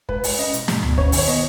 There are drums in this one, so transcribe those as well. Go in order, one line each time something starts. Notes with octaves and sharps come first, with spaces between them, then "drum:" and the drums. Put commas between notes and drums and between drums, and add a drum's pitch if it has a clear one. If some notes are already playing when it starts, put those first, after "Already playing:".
G#3 B4, drum: kick
G#3, drum: open hi-hat
C#4 D#5
B2, drum: hi-hat
G#2, drum: snare
B3, drum: tom D2
C#4 C#5, drum: kick
D#3, drum: open hi-hat
C#5
B3 D#5